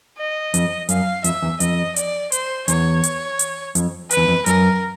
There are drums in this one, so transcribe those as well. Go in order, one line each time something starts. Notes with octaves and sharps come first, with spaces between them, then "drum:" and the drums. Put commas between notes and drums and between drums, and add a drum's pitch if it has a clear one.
D#5
F2, drum: hi-hat
F#2 F5, drum: hi-hat
F2 E5, drum: hi-hat
E2
F2 D#5, drum: hi-hat
D5, drum: hi-hat
C5, drum: hi-hat
E2 C#5, drum: hi-hat
drum: hi-hat
drum: hi-hat
F2, drum: hi-hat
B4, drum: hi-hat
E2
F2
F#2 A#4, drum: hi-hat